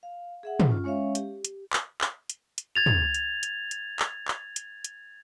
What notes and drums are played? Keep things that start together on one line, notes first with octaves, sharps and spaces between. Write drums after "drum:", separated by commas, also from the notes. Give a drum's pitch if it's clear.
F5
G#4 E5 F#5
drum: tom
C#4 F4
G#3 C#4 C#5 E5 F5
G4, drum: hi-hat
drum: hi-hat
drum: clap
drum: clap
drum: hi-hat
drum: hi-hat
G#6 A6 F7
drum: tom
drum: hi-hat
drum: hi-hat
drum: hi-hat
drum: clap
drum: clap
drum: hi-hat
drum: hi-hat